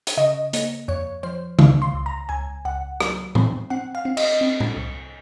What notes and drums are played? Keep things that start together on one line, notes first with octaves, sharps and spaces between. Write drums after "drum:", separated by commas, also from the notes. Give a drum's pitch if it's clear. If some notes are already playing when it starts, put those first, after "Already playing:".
drum: hi-hat
C#3 D#5
A#3, drum: hi-hat
F2 C#5
F3 C5
C#2 F5, drum: tom C#3
C6
C#2
A#5
C#2 G#5
C#2 F#5
F#3, drum: rim click
C4, drum: tom A2
C4 F#5
F5
C4
D#5, drum: cymbal
C4
drum: tom A2
C2